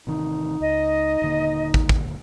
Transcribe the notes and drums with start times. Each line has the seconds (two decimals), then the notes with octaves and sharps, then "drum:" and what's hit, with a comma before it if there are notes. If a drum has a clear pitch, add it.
0.07 A1 C3 D#3 D#4
0.60 C#2 D#5
1.22 D#1 D3 A#3
1.74 drum: kick
1.89 drum: kick